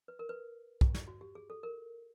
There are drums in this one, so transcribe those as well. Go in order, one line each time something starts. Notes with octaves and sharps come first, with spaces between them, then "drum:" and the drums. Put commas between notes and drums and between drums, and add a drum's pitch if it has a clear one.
B4
A#4
B4
drum: kick B1
drum: snare
F#4
G4
G#4
A4
A#4